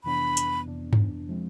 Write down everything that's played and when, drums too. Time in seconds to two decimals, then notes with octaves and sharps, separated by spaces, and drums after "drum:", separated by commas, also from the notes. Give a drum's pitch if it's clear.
0.04 F2 C3 E3 B3 D4 B5
0.37 drum: hi-hat
0.66 F2 C3 E3 B3 D4
0.93 drum: tom G2
1.29 F3 G#3 C4